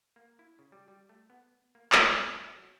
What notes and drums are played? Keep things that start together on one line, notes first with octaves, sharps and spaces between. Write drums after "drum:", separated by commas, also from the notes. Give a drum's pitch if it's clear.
A#3
E4
C#3
G3
G3
A3
B3
A#3
B3, drum: clap
F3
D#2
F#3